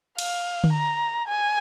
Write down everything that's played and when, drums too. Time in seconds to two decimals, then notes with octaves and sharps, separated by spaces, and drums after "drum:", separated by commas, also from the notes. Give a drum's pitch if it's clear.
0.18 F5, drum: cymbal
0.64 drum: tom D3
0.73 A#5
1.28 G#5